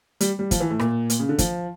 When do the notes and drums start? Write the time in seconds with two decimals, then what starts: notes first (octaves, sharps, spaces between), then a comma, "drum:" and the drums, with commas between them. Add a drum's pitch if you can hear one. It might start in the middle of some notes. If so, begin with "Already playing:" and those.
0.21 G3, drum: hi-hat
0.39 G3
0.51 F3, drum: kick, hi-hat
0.60 E3
0.71 A2
0.79 A#2, drum: rim click
1.10 A#2, drum: hi-hat
1.20 C#3
1.29 D3
1.38 F3, drum: kick, hi-hat